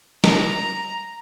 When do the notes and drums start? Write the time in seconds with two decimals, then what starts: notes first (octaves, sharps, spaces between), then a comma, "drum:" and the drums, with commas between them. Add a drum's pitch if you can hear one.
0.24 A#5, drum: snare